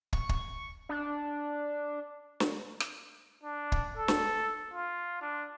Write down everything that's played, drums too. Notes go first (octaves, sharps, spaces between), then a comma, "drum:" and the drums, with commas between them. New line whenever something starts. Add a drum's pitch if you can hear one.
C#6, drum: kick
drum: kick
D4
drum: snare
drum: rim click
D4
drum: kick
A4
drum: snare
F4
D4